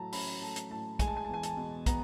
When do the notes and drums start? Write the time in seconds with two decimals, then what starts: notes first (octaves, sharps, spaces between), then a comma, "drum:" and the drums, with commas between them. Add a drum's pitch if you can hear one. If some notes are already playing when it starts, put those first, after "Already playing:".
Already playing: A2 F#3 A3 A5 A#5
0.13 C#4 B5, drum: open hi-hat
0.42 A3 A5
0.56 drum: hi-hat
0.70 A2 A5
0.99 G#3 G#5, drum: kick, hi-hat
1.07 A5
1.17 G#5
1.25 A5
1.29 E2 G#5
1.43 A5, drum: hi-hat
1.57 B2
1.86 B3 A#5, drum: kick, hi-hat